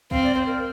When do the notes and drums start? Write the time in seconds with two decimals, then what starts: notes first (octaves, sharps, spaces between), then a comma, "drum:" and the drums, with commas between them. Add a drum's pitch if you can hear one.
0.11 C4 F5, drum: kick
0.24 D5
0.35 C5
0.46 A#4